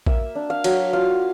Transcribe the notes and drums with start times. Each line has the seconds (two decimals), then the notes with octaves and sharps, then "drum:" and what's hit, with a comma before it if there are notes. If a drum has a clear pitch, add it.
0.07 A#3 E5, drum: kick A#1
0.35 D4
0.50 F5
0.64 F#3, drum: cymbal
0.93 F4 F5